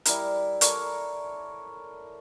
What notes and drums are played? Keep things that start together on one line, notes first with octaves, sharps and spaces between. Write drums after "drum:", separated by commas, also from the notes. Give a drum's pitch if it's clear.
G3 E4 A#4, drum: hi-hat
A4 A#4 C#5 D5, drum: hi-hat